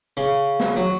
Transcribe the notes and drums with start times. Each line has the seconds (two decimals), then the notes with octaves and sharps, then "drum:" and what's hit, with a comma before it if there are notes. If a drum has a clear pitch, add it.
0.17 C#3, drum: hi-hat
0.60 drum: snare
0.76 F#3